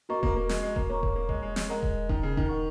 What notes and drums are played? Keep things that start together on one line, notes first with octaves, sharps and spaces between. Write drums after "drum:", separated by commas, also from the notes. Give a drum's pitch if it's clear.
A#3 F#4 D#5 A#5 C#6
A#3, drum: kick E1
A#3
G#3, drum: snare
G#3
A#3, drum: kick E1
A#3 C#5 A#5 C#6
A#3, drum: kick E1
A#3
G#3, drum: kick E1
G#3
G#3, drum: snare
G#3 A#4 D#5 F#5 A#5
drum: kick E1
D#3, drum: kick E1
C#3
D#3, drum: kick E1
A#4 F#5 C#6